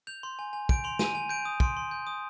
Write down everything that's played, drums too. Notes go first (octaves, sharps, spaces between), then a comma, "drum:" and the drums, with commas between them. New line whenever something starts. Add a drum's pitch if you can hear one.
G6 F7
C6
G#5
G#5
G6 D7, drum: kick
C6 F7
G#5 D#7, drum: snare
G#5
G6 D7
D#6
C6 D7, drum: kick
C6
G6
D#6